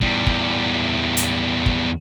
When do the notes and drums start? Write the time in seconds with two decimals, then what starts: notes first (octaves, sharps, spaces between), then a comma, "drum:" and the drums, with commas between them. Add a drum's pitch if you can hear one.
0.01 E2 G3, drum: kick
0.27 drum: kick
1.17 drum: hi-hat
1.66 drum: kick